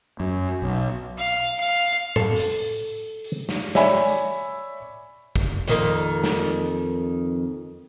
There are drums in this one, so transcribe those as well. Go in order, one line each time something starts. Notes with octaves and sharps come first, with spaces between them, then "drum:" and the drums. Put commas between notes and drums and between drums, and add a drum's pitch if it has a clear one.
F#2
B1
F5
F5
A4, drum: tom A2
drum: open hi-hat
drum: open hi-hat
drum: snare
C#5 D5 E5 G#5 B5, drum: snare
drum: tambourine
drum: kick
F2 D#3 A#3
drum: snare